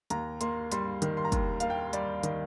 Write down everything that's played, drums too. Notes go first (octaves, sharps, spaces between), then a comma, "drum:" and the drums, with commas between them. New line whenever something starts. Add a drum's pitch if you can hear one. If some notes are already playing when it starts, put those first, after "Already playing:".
D#2 A#5, drum: hi-hat
A#3 C6, drum: hi-hat
G3 C6, drum: hi-hat
D#3, drum: hi-hat
C6
A#5
D#2, drum: kick, hi-hat
A#3 F5, drum: hi-hat
G5
G3 D5, drum: hi-hat
D#3, drum: hi-hat